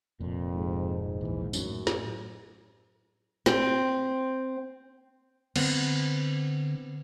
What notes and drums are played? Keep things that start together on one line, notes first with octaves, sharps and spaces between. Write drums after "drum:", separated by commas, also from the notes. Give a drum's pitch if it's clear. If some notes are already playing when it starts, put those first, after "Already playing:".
F1 F2 A#2
G#2
A#1 D#2 E3
F#2 A2 F#3 C#4, drum: tambourine
drum: snare
C4, drum: snare
D3 B3 C4, drum: cymbal